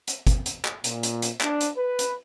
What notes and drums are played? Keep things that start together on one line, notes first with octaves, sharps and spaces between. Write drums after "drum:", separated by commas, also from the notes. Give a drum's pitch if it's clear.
drum: hi-hat
drum: kick, hi-hat
drum: hi-hat
drum: clap
A#2, drum: hi-hat
drum: hi-hat
drum: hi-hat
D4, drum: clap
drum: hi-hat
B4
drum: hi-hat